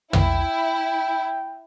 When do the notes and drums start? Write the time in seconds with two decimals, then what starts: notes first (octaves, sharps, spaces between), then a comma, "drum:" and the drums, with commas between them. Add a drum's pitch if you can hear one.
0.13 E4 G5, drum: tom